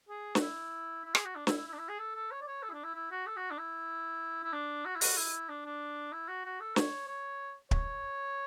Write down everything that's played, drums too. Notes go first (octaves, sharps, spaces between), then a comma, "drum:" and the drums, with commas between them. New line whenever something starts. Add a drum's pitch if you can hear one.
G#4
F#4, drum: snare
E4
E4
G#4, drum: rim click
F#4
D4
E4, drum: snare
E4
E4
D4
E4
G#4
A4
A4
C#5
D5
C#5
A4
E4
D4
E4
E4
F#4
A4
F#4
D4
E4
E4
D4
F#4
E4
F#4, drum: open hi-hat
E4
D4
D4
E4
F#4
F#4
A4
C#5, drum: snare
C#5
C#5, drum: kick